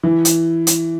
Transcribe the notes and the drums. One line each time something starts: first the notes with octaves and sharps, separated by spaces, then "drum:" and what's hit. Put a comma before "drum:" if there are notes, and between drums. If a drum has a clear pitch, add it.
E3
drum: hi-hat
drum: hi-hat